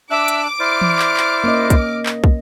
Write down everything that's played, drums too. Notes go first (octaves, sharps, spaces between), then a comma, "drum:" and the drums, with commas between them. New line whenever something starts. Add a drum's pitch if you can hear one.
D4 E5 D6 E6 F#6
drum: hi-hat
E4 C5 D5 F6
drum: tom E3
drum: clap
drum: clap
A#3 C#4 D#5
drum: kick, hi-hat
drum: clap
drum: kick